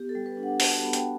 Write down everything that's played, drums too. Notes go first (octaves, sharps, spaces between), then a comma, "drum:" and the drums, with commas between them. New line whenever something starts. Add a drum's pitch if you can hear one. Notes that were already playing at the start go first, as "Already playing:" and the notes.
Already playing: B3 G4
A4
G3
B4
D4
F#5
F#4 A5, drum: open hi-hat
B3
G5, drum: hi-hat